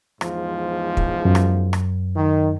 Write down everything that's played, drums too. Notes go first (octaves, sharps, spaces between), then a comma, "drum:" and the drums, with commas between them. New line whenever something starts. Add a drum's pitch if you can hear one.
E2 G#2 F3, drum: rim click
drum: kick
F#2
drum: rim click
drum: rim click
D#3